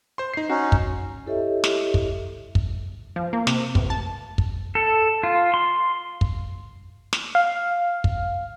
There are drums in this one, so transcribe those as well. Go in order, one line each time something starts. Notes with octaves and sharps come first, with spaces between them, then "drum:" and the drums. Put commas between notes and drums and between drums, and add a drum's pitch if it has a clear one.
C5 C6
D#4 C7
C#4 D#4 F#4
drum: kick
E4 G4 A4 C#5 D#5 E5
drum: snare
drum: kick
drum: kick
F3
A#3
C3, drum: snare
A1, drum: kick
A5
drum: kick
A4
F4
C6
drum: kick
drum: snare
F5
drum: kick